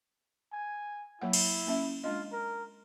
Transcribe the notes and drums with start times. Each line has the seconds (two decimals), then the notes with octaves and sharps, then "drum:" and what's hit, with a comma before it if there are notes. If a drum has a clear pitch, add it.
0.53 G#5
1.22 F#3 A#3 E4 F#5
1.33 drum: cymbal
1.67 A#3 C#4 E5
2.04 G#3 D4 F4 D#5
2.32 A#4